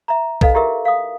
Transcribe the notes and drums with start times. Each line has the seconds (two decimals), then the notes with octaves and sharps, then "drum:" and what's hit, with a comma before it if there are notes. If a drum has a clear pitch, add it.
0.08 E5 A#5
0.41 D#4 A4 B4 D#5 F5, drum: kick
0.54 E4 G4 G#4 A#4 E5
0.85 F5 D#6